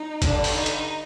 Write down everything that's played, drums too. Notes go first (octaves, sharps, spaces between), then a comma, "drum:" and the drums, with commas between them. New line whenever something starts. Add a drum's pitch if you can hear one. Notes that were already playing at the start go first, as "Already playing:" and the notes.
Already playing: D#4
D3 D4, drum: kick G1, hi-hat
G2
drum: open hi-hat
D#4
drum: hi-hat